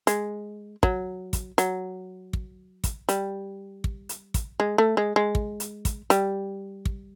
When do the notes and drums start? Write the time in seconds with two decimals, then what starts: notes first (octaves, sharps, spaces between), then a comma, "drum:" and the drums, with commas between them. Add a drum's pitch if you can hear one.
0.07 G#3, drum: hi-hat
0.83 F#3, drum: kick
1.33 drum: kick, hi-hat
1.58 F#3, drum: hi-hat
2.33 drum: kick
2.84 drum: kick, hi-hat
3.09 G3, drum: hi-hat
3.84 drum: kick
4.09 drum: hi-hat
4.34 drum: kick, hi-hat
4.60 G#3
4.78 A3
4.97 G#3
5.16 G#3
5.35 drum: kick
5.60 drum: hi-hat
5.85 drum: kick, hi-hat
6.10 G3, drum: hi-hat
6.85 drum: kick